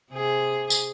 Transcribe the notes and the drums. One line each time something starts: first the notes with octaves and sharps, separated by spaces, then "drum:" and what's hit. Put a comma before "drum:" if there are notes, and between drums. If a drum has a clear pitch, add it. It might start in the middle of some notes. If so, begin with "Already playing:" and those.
C3 G#4
drum: tambourine